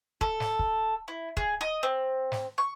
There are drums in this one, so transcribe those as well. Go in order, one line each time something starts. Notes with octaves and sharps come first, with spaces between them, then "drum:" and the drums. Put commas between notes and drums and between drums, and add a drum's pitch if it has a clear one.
A4, drum: kick
drum: snare
drum: kick
E4
G#4, drum: kick
D#5
C4
drum: snare
C#6